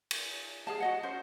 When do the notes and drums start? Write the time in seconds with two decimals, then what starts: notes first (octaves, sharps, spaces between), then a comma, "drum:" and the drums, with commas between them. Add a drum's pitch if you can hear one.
0.11 drum: cymbal
0.67 G#4 F5 A5
0.80 F#4 D#5 F#5
1.03 C#4 C5